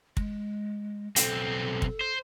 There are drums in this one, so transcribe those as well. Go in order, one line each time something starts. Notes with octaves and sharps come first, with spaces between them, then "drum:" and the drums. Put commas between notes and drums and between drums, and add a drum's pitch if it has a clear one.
G#3, drum: kick
B1 C4 A4, drum: hi-hat
drum: kick
C5